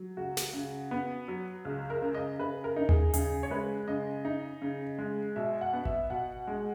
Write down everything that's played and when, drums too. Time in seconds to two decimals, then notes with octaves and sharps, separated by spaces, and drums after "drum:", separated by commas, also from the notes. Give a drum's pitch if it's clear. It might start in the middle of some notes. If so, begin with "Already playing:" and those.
Already playing: F#3
0.17 C#2 F#4
0.37 drum: snare
0.53 C#3
0.91 B3
1.28 F#3
1.65 C#2
1.90 A#4
2.02 C#3
2.14 D#5
2.39 C#3 B4
2.64 A#4
2.76 D#4
2.89 G#4, drum: tom D#2
3.14 C#3 G#4, drum: hi-hat
3.43 C#5
3.50 G#3 B4
3.88 C#3 D#5
4.25 D#4
4.62 C#3
4.98 G#3
5.36 B2 E5
5.61 F#5
5.73 B3
5.85 E5, drum: kick G#1
6.10 B2 F#5
6.47 G#3